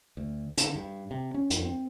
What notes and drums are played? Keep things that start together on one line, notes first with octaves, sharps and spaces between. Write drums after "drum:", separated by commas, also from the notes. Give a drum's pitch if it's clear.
D2
D3, drum: hi-hat
G2
C3
C#4
F2, drum: hi-hat
C4